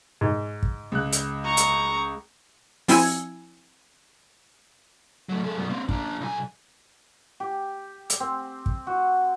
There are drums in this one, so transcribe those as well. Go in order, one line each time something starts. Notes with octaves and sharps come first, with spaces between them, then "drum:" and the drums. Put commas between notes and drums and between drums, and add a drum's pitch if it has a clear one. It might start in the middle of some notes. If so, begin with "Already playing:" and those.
G#2
drum: kick
C#2 F#6
drum: hi-hat
A#5 C#6
drum: hi-hat
F3 C4 E4 G#5 E6 G#6, drum: open hi-hat
F#3 A3
G#3 A4
F#2 B2
A#3 C4
D4 F4, drum: kick
B1 G#5
G4
drum: hi-hat
C4
drum: kick
F#4